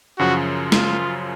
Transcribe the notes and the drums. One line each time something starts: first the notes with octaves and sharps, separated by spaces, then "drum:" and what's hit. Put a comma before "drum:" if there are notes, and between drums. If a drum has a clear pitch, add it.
F#2 C#3 F3 F#4
F4, drum: snare G#3